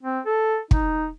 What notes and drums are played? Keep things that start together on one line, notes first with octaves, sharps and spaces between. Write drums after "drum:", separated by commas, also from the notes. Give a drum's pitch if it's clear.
C4
A4
D#4, drum: kick